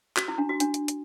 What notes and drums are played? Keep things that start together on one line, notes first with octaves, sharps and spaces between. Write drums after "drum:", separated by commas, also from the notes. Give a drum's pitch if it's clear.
F#4, drum: clap
E4
D4
F#4
D4, drum: hi-hat
drum: hi-hat
drum: hi-hat